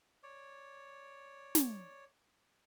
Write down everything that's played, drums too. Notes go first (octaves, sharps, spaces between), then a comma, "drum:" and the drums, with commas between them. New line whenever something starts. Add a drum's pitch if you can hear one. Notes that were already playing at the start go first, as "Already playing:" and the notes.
C#5 D5
drum: snare